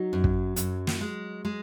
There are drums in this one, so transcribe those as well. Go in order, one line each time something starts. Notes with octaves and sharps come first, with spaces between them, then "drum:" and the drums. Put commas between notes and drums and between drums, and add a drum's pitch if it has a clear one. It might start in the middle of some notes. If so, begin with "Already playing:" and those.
Already playing: F#3 D#4
F#2
drum: kick
F#2, drum: hi-hat
drum: snare
G#3
G#3